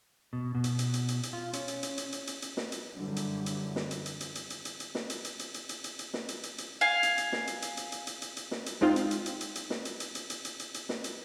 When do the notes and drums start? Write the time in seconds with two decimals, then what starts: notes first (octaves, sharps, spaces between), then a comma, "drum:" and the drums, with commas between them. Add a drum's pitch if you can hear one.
0.33 B2
0.55 B2
0.64 drum: hi-hat
0.79 drum: hi-hat
0.94 drum: hi-hat
1.08 drum: hi-hat
1.23 drum: hi-hat
1.33 F4
1.53 C#4, drum: hi-hat
1.68 drum: hi-hat
1.83 drum: hi-hat
1.98 drum: hi-hat
2.12 drum: hi-hat
2.27 drum: hi-hat
2.42 drum: hi-hat
2.57 drum: snare
2.72 drum: hi-hat
2.94 F#2 D3 E3 F#3 G3
3.16 drum: hi-hat
3.46 drum: hi-hat
3.76 drum: snare
3.91 drum: hi-hat
4.06 drum: hi-hat
4.20 drum: hi-hat
4.35 drum: hi-hat
4.50 drum: hi-hat
4.65 drum: hi-hat
4.80 drum: hi-hat
4.95 drum: snare
5.10 drum: hi-hat
5.24 drum: hi-hat
5.39 drum: hi-hat
5.54 drum: hi-hat
5.69 drum: hi-hat
5.84 drum: hi-hat
5.99 drum: hi-hat
6.14 drum: snare
6.28 drum: hi-hat
6.43 drum: hi-hat
6.58 drum: hi-hat
6.81 F5 G#5
7.03 drum: hi-hat
7.18 drum: hi-hat
7.33 drum: snare
7.47 drum: hi-hat
7.62 drum: hi-hat
7.77 drum: hi-hat
7.92 drum: hi-hat
8.07 drum: hi-hat
8.22 drum: hi-hat
8.37 drum: hi-hat
8.51 drum: snare
8.66 drum: hi-hat
8.81 G#3 C4 D#4 F4
8.96 drum: hi-hat
9.11 drum: hi-hat
9.26 drum: hi-hat
9.41 drum: hi-hat
9.55 drum: hi-hat
9.70 drum: snare
9.85 drum: hi-hat
10.00 drum: hi-hat
10.15 drum: hi-hat
10.30 drum: hi-hat
10.45 drum: hi-hat
10.59 drum: hi-hat
10.74 drum: hi-hat
10.89 drum: snare
11.04 drum: hi-hat